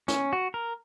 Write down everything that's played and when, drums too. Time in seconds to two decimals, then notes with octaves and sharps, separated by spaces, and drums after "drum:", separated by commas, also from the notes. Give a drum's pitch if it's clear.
0.08 C#4, drum: snare
0.33 F#4
0.54 A#4